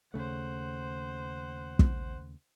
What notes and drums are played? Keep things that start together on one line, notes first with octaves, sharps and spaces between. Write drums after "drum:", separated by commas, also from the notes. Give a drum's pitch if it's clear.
D#2 C#3 A3 C5 F#5
drum: kick